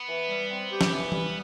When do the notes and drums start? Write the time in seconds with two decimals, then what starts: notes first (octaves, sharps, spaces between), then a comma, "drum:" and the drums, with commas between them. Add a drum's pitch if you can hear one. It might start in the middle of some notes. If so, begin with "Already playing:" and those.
Already playing: B3
0.09 E3
0.29 G3
0.49 C4
0.71 G4
0.81 drum: snare
0.91 E3
1.12 G3, drum: tom E3